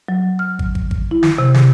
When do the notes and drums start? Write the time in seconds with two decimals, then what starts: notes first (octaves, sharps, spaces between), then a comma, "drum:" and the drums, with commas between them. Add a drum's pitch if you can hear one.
0.08 F#3
0.39 F6
0.59 drum: kick
0.75 drum: kick
0.91 drum: kick
1.11 E4
1.23 drum: snare
1.39 C3
1.54 drum: snare